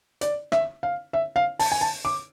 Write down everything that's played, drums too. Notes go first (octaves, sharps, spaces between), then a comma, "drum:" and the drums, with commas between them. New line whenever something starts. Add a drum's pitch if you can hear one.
D5, drum: hi-hat
E5, drum: rim click
F5
E5
F5
A5, drum: open hi-hat
G#5
A5
D6